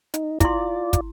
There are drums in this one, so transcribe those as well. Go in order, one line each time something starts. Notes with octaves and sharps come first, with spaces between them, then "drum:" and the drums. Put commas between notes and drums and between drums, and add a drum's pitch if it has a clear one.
D#4, drum: hi-hat
E4 F4 D5 C6, drum: kick, hi-hat
drum: kick, hi-hat